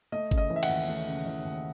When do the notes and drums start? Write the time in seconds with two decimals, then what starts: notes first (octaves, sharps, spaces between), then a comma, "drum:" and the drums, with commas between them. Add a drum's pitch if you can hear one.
0.12 A3 D#5
0.31 C#3, drum: kick G1
0.38 D#5
0.50 E3
0.56 E5
0.63 F#5, drum: cymbal
0.69 D#2
0.88 A3
1.07 C#3
1.26 E3
1.45 D#2